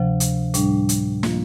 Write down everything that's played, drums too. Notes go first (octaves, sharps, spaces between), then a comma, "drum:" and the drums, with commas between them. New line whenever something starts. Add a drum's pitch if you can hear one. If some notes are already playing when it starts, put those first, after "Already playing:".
Already playing: D2 C3 F3
drum: hi-hat
A2 G3 D4, drum: hi-hat
drum: hi-hat
F3 A#3 F4, drum: snare